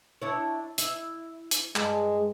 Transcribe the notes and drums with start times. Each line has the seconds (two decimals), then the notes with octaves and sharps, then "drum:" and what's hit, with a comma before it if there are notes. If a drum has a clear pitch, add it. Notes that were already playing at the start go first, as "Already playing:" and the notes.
0.22 D4 E4 C#5
0.78 E4, drum: hi-hat
1.51 drum: hi-hat
1.76 G2 G#3, drum: clap